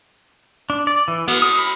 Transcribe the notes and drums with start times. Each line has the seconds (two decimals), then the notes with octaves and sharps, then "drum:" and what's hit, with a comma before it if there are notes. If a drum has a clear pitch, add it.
0.70 D4
0.87 D5
1.08 E3
1.28 B3, drum: cymbal
1.42 D#6
1.59 B5